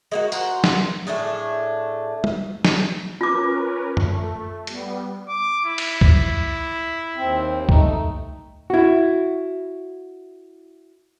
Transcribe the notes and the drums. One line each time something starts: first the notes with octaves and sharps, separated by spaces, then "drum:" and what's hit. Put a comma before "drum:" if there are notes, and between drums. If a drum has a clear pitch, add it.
G#3 A#3 F#4
F#4 A#4 C5 F#5, drum: tambourine
drum: snare
A2 A3 D4 G#4
drum: tom
drum: snare
C#4 F4 A#4 B4 D6
A3, drum: tom F#2
G3 B3, drum: hi-hat
D6
E4
drum: cymbal
drum: kick C#2
D#2 C4
A3 D#4, drum: kick C#2
E4 F#4